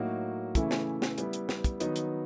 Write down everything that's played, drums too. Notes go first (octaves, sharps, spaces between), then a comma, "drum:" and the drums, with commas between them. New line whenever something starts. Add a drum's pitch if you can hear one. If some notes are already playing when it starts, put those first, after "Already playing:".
Already playing: A2 F#3 A#3 D#4 F#4
C#3 E3 A3 C#4 E4, drum: kick, hi-hat
drum: snare
drum: snare
G3 B3 E4, drum: hi-hat
drum: hi-hat
drum: snare
drum: kick, hi-hat
D#3 F#3 B3 D#4, drum: hi-hat
drum: hi-hat